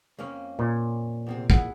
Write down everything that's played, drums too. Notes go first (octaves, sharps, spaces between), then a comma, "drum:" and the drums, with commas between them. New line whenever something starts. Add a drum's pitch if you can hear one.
F2 A#3 C#4
A#2
E2 C3 C4
E4 G#4 F#5, drum: kick